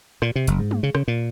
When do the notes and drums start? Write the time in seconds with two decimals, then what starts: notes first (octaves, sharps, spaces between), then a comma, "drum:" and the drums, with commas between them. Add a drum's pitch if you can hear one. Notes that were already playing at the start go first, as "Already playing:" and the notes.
0.22 A#2, drum: rim click
0.36 C3
0.47 F#1, drum: hi-hat
0.59 G#2
0.71 drum: tom G#3
0.83 C#3
0.95 C#3, drum: rim click
1.08 A#2